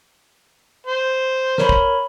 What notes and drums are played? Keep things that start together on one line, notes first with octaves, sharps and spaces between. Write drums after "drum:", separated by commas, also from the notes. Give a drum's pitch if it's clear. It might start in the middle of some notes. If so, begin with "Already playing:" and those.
C5
A#4 C#5 B5, drum: snare
drum: kick